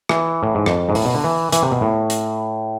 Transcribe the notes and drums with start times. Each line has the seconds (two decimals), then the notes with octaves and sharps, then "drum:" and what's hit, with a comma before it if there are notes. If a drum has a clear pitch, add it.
0.09 E3, drum: rim click
0.43 A2
0.55 G#2
0.66 F2, drum: rim click
0.89 G#2
0.95 A2, drum: open hi-hat
1.05 B2
1.14 D3
1.24 E3
1.52 E3, drum: hi-hat
1.62 C3
1.71 B2
1.81 A2
2.10 drum: hi-hat